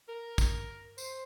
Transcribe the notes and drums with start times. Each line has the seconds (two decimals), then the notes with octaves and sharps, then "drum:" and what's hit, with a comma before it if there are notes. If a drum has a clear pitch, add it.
0.09 A#4
0.38 drum: kick, tambourine
0.98 C5, drum: tambourine